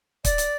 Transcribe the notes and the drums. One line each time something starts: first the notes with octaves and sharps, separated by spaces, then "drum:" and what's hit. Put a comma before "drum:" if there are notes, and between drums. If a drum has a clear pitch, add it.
D5, drum: kick, hi-hat
drum: hi-hat